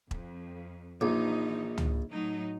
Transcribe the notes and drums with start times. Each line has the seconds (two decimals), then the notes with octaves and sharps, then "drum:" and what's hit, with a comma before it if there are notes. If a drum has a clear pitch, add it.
0.11 F2, drum: kick E1
1.01 A#1 E3 F3 D#4
1.78 drum: tom C#2
2.11 A2 F#3 D#4